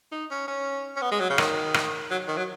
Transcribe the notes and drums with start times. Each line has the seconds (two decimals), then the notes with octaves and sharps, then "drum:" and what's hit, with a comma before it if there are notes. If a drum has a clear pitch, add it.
0.12 D#4
0.31 C#4
0.48 C#4
0.97 C#4
1.02 B3
1.11 G#3
1.20 F#3
1.30 C#3
1.38 D#3, drum: rim click
1.74 drum: rim click
2.11 F#3
2.28 D#3
2.37 F#3